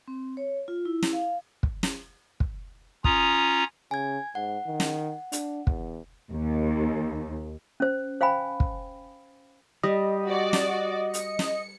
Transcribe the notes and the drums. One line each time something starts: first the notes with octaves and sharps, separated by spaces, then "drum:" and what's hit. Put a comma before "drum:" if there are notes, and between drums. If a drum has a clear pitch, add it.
C4
C#5
F4
E4
drum: snare
F5
drum: kick
drum: snare
drum: kick
C#4 F4 A#5 D#6, drum: kick
C#3 G#5 G#6
G#2 F#5
D#3
drum: snare
D4, drum: hi-hat
E2, drum: kick
D#2
C#4 C5
C5 F5 G5 G#5 B5
drum: kick
G3 D#5
F#4 D5
drum: snare
C#7, drum: hi-hat
drum: snare